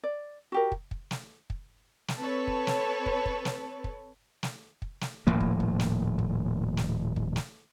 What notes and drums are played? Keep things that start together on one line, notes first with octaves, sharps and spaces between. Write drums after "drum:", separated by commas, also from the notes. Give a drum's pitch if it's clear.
D5
F#4 G4 A#4
drum: kick
drum: kick
drum: snare
drum: kick
drum: snare
C4 A4 B4 C#5
drum: kick
drum: snare
drum: kick
drum: kick
drum: snare
drum: kick
drum: snare
drum: kick
drum: snare
D#1 A2 F3 A#3
drum: kick
drum: kick
drum: snare
drum: kick
drum: snare
drum: kick
drum: snare